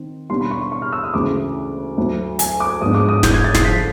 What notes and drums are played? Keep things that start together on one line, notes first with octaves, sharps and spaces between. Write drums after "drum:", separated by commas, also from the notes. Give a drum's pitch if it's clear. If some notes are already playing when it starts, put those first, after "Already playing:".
Already playing: D#3 C4
B2 G3 B3 D4 C6
B5
C#6
C6
C#6
F6
E6
D#6
D2 C#3 E3 G#3 D6
D2 D3 F#3
G#5, drum: hi-hat
D6
G#2 F3 G#3 B3 D4 D#6
D6
D#6
G6, drum: snare
G#6
A6
C7, drum: snare
D3 F3 B6